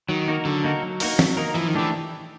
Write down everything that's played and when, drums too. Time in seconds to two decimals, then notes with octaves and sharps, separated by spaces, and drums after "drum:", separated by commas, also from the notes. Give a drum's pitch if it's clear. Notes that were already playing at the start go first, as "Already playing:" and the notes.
0.09 D#3 F#3
0.27 A#3 D#4 F#4 A#4
0.45 D3 F#3
0.64 A#3 D#4 F#4 A#4
0.83 F#3
1.00 A#3 D#4 F#4 A#4, drum: open hi-hat
1.19 F#3, drum: snare
1.37 A#3 D#4 F#4 A#4
1.55 E3 F3
1.68 D#3
1.74 E3 A3 D4 G4